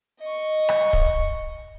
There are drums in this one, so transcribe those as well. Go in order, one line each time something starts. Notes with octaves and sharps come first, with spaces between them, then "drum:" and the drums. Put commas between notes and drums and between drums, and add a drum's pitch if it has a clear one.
D#5 C#6
drum: rim click
drum: kick